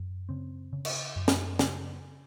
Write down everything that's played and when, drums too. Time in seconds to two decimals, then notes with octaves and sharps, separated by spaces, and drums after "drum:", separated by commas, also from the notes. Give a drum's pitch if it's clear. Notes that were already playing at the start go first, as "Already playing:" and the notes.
Already playing: F#2
0.29 C#3 C4
0.73 C#3
0.85 drum: cymbal
1.16 F#2
1.28 drum: snare
1.59 C#3, drum: snare